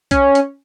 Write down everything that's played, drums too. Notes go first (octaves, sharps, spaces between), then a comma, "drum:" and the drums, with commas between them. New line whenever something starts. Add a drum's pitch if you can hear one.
C#4, drum: kick B1, hi-hat
drum: hi-hat